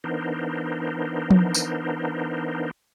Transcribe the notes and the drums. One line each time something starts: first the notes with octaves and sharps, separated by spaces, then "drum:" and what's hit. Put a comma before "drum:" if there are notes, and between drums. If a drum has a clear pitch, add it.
E3 B3 D4 D#4 A#4 C5
drum: tom F3
drum: tambourine